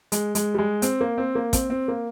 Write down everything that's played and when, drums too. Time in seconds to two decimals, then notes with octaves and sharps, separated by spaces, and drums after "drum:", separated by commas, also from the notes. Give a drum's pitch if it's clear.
0.12 G#3, drum: hi-hat
0.35 G#3, drum: hi-hat
0.54 G3
0.58 G#3
0.82 C4, drum: hi-hat
1.01 A#3
1.18 C4
1.35 A#3
1.53 C4, drum: kick, hi-hat
1.70 C4
1.88 A#3